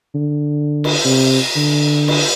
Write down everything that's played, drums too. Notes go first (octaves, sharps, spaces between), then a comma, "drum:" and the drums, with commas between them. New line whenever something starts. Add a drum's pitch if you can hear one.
D3
drum: cymbal
C3
D3
drum: cymbal